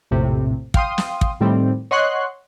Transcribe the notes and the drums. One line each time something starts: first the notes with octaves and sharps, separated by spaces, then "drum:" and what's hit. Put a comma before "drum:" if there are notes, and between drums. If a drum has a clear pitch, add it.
A#1 F2 A2 C3
F5 G5 C6 D#6, drum: kick
drum: snare
drum: kick
A2 D#3 G3 C4
C#5 D#5 F#5 C6 C#6 F#6